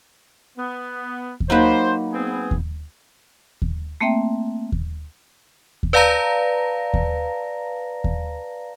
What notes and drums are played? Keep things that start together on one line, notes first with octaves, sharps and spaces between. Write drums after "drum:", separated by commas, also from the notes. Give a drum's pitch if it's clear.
B3
drum: kick D#2
F#3 A#3 D#4 B4 C5
B3 C4 G#4
drum: kick D#2
drum: kick D#2
A3 A#3 C4 E5 G5
drum: kick D#2
drum: kick D#2
B4 D5 F5 A5 A#5 A#6
drum: kick D#2
drum: kick D#2